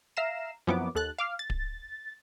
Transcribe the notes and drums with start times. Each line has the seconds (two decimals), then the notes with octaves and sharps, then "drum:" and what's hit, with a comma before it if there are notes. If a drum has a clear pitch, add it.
0.17 E5 F5 A#5 C7 E7
0.67 F#2 F3 B3 C4 E4 D6
0.95 D#2 A4 F#6 A6
1.18 F5 D6 F6
1.39 A6
1.50 drum: kick D1